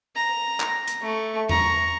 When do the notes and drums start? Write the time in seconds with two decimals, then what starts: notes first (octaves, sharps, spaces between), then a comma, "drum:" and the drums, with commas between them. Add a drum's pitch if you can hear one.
0.16 A#5
0.60 drum: clap
0.88 drum: hi-hat
1.03 A3 C#6
1.49 A#5 C#6, drum: tom E2